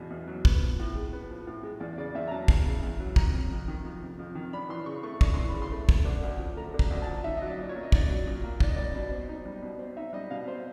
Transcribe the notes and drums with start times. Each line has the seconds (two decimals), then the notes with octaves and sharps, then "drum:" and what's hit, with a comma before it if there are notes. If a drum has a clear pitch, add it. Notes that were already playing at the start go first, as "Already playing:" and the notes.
Already playing: E2 B2
0.10 E2
0.28 F#3
0.45 B3, drum: kick
0.62 F3
0.79 A2
0.95 G#3
1.13 B3
1.30 F3
1.47 A2
1.63 G#3
1.80 E2 D5
1.98 C#3 D5
2.15 E2 E5
2.28 A#5
2.31 F#3 A5
2.48 E2, drum: kick
2.65 C#3
2.83 E2
3.00 F#3
3.16 F2 A#5, drum: kick
3.33 C3
3.51 F2
3.68 D#3
3.85 F2
4.02 C3
4.19 F2
4.35 D#3
4.53 D4 B5
4.69 E3 C6
4.86 C#3 C#6
5.03 A3 C#6
5.21 D4 C#6, drum: kick
5.34 E3 C6
5.49 B5
5.54 C#3
5.62 C6
5.72 A3
5.89 A3, drum: kick
6.05 D3
6.23 D2
6.39 F3
6.57 A3 A#5
6.74 D3
6.79 A#5, drum: kick
6.91 D2
7.02 F3 A5
7.24 D#4 E5
7.37 F#3 D#5
7.48 D5
7.58 A#2
7.69 C#5
7.75 A#3
7.83 D#5
7.92 D#4 D5, drum: kick
8.10 F#3
8.27 A#2
8.44 A#3
8.60 D#4 D5, drum: kick
8.69 D#5
8.76 G3 D5
8.95 B2
9.11 C4
9.29 D#4
9.45 G3
9.62 B2
9.79 C4
9.97 D#4 E5
10.13 G3 D#5
10.30 B2 F5
10.47 C4 C5